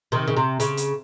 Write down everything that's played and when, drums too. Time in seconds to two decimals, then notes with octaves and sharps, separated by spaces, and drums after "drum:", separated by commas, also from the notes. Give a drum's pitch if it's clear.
0.12 C3 D#3
0.28 C#3
0.37 C3
0.60 C#3, drum: hi-hat
0.77 drum: hi-hat